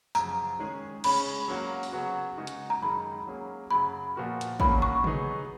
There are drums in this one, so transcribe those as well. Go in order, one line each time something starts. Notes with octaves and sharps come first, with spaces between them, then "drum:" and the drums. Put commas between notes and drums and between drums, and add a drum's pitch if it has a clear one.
F#2 C#3 F3 A#5, drum: tambourine
D#3 G#3 C#4 G#4
C#3 G#3 C#4 B5, drum: cymbal
F#3 A#3 C#4 F#4
drum: open hi-hat
C#3 F#3 B3 F#4
C#3 G#3 D#4 F#4
drum: hi-hat
A#5
F#2 D#3 G#3 D#4 G#4 B5
F#3 A#3 C#4 G#4
F#2 C#3 F#3 B5
A#2 F3 B3 F#4 A#4
drum: hi-hat
A#2 F#3 A#3 C#4 F#4 B5, drum: kick
C#6
F#3 B3 D#4 G#4 B4, drum: tom C3